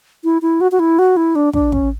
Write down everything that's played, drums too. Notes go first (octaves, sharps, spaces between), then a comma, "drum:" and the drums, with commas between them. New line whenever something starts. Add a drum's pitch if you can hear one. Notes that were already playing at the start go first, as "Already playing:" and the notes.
E4
E4
F#4
F#4
E4
F#4
E4
D4
D4, drum: kick
C#4, drum: kick